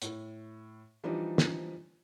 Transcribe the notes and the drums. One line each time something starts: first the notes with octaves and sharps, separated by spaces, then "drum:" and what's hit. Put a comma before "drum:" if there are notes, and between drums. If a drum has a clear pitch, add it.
A2, drum: hi-hat
E3 F3 G3 D4 D#4
drum: snare